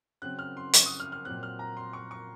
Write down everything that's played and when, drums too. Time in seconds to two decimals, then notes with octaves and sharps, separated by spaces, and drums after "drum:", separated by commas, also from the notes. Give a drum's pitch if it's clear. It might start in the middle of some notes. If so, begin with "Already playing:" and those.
0.22 C#3 F#3 C4 F#6
0.39 F6
0.57 C6
0.73 C#6, drum: hi-hat
0.86 D#6
1.00 F6
1.12 F6
1.25 A#2 F#3 C4 F#6
1.43 F6
1.59 A#5
1.77 C6
1.93 C#6
2.11 C#6